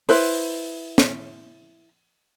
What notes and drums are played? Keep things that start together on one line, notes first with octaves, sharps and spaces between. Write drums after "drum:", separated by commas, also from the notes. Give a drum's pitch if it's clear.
E4 B4 C5, drum: open hi-hat
drum: snare